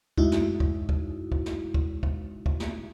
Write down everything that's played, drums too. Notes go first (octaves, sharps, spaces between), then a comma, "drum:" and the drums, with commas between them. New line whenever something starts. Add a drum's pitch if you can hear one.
F#2 G#3 D#4 E4 F#4, drum: kick
drum: snare
drum: kick
drum: kick
drum: kick
drum: snare
drum: kick
drum: kick
drum: kick
drum: snare